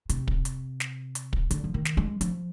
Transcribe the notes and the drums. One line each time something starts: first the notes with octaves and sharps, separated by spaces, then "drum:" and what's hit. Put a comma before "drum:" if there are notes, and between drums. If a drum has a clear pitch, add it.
C3, drum: hi-hat
drum: kick
drum: hi-hat
drum: snare
drum: hi-hat
drum: kick
D3, drum: hi-hat
F3
D#3
drum: snare
G#3
F3, drum: hi-hat